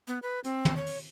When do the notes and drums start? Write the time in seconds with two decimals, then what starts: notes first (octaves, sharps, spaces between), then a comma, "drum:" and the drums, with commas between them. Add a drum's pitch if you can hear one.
0.08 B3
0.23 B4
0.44 C4, drum: hi-hat
0.65 drum: tom
0.77 C#5
0.86 drum: open hi-hat